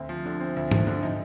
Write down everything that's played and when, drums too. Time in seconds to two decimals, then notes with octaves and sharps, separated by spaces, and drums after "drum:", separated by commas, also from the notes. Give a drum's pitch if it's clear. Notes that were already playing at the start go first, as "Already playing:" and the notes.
Already playing: D2 C4
0.09 F3
0.25 D3
0.40 C4
0.56 D2
0.71 F3, drum: tom G#2
0.87 D3
1.03 D#4